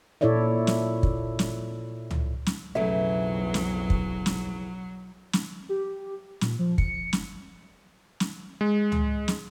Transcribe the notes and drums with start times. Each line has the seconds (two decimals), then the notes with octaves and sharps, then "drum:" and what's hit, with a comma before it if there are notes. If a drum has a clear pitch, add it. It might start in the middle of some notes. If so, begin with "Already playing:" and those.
0.21 A#2 E4 A4 C#5 D5 E5
0.67 drum: snare
1.03 drum: kick
1.39 drum: snare
2.11 drum: tom C#2
2.46 drum: snare
2.75 B1 F2 C#3 E3 F#3 A3 E5
3.54 drum: snare
3.90 drum: kick
4.26 drum: snare
5.33 drum: snare
5.69 G4
6.41 A#2, drum: snare
6.59 F3
6.78 C#7, drum: kick
7.13 drum: snare
8.20 drum: snare
8.61 G#3
8.92 drum: tom C#2
9.28 drum: snare